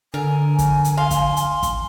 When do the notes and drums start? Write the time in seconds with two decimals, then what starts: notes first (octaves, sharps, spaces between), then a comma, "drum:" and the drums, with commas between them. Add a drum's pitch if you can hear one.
0.14 D3 A#4 G#5
0.58 drum: kick, hi-hat
0.84 drum: hi-hat
0.98 F5 C6
1.11 drum: kick, hi-hat
1.37 drum: hi-hat
1.63 drum: kick, hi-hat